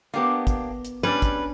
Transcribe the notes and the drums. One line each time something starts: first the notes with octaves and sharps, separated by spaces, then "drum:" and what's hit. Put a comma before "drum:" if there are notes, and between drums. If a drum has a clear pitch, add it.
A#3 B3 D4 G4 A#4
drum: kick, hi-hat
drum: hi-hat
G3 G#3 C#4 D4 B4 D5
drum: kick, hi-hat